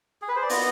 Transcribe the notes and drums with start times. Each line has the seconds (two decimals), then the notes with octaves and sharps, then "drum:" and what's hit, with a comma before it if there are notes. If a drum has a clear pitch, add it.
0.22 G#4
0.28 B4
0.36 C5
0.43 D5
0.49 B3 D#5, drum: open hi-hat